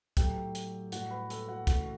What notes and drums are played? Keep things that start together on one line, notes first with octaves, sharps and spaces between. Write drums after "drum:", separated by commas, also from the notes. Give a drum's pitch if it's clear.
A2 F#3 A3 G4 G5, drum: kick, hi-hat
drum: hi-hat
A2 G3 F#4 F#5, drum: hi-hat
B4 B5
A4 A5, drum: hi-hat
F#4 F#5
C#3 E3 A3 F#4 F#5, drum: kick, hi-hat